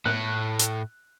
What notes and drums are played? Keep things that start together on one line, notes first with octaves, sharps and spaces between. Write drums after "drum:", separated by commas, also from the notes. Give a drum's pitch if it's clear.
A2 F#6
drum: hi-hat